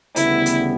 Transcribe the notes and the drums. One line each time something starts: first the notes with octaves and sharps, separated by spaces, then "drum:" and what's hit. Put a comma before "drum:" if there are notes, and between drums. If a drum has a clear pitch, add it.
D2 C#3 E3 G3 B3 E4, drum: hi-hat
drum: hi-hat